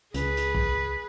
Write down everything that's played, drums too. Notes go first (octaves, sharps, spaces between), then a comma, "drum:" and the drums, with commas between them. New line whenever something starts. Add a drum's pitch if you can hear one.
C#2 G#4 B4, drum: hi-hat
drum: hi-hat
drum: kick